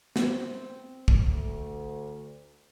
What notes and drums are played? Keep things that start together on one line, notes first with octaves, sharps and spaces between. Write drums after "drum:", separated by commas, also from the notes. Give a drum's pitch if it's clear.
C4, drum: snare
D2, drum: kick